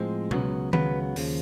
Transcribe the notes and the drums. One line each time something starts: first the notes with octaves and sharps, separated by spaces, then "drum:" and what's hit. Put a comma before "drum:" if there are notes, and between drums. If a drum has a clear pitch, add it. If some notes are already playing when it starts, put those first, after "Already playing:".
Already playing: A2 F3 G#3 C4
C#2 C#3 F#3 B3, drum: tom B2
C#2 C#3 F#3 B3 B4, drum: tom D#3
D#2 C#3 F3, drum: open hi-hat